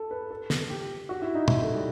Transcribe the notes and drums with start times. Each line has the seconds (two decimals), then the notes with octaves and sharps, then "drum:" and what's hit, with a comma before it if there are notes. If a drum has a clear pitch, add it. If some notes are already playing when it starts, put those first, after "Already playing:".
Already playing: A4
0.11 B4
0.31 A4
0.50 drum: snare
0.70 G4
1.09 F#4
1.22 E4
1.35 D#4
1.48 E4, drum: tom
1.62 A3
1.75 G3